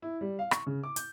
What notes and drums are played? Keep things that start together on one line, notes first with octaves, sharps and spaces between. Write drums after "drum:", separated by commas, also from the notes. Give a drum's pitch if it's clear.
E4
G3
F5
C#6, drum: rim click
C#3
D6
G6, drum: hi-hat